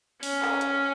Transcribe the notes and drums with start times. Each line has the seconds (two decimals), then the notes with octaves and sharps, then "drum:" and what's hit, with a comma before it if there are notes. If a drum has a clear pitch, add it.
0.23 C#4, drum: open hi-hat
0.42 drum: clap
0.61 drum: hi-hat